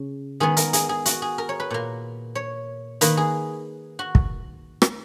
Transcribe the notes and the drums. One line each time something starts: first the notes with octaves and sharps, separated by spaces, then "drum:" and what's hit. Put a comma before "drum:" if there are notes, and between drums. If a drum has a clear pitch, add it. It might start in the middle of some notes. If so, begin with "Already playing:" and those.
Already playing: C#3
D#3 G#3 B3 G#4
A#4, drum: hi-hat
G#4, drum: hi-hat
G#4
F#4, drum: hi-hat
G#4
A#4
C#5
B4
A#2 A#3
C#5
D#3 A#3 B4, drum: hi-hat
G#4
F#4
drum: kick
drum: rim click